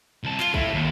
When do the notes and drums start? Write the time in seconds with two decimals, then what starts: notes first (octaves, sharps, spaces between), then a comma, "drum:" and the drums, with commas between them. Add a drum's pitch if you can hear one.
0.24 C2 A5
0.40 F4, drum: clap
0.54 A3 E4, drum: kick
0.74 D#2